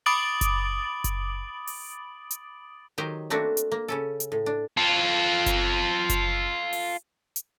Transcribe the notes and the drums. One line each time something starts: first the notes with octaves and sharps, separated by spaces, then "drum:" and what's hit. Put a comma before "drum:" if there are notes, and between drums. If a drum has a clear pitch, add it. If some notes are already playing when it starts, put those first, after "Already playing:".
B5 D6 D#6 A6 D7 F#7
drum: kick F#1, hi-hat
drum: kick F#1, hi-hat
drum: open hi-hat
drum: hi-hat
D#3 F#3 D#4 G4 C5
A3 A#3 C4 D4 F#4
drum: hi-hat
A#3
C#3 C#4 A4
drum: hi-hat
A2
D4
F4 A4
drum: kick F#1, hi-hat
drum: kick F#1, hi-hat
drum: open hi-hat
drum: hi-hat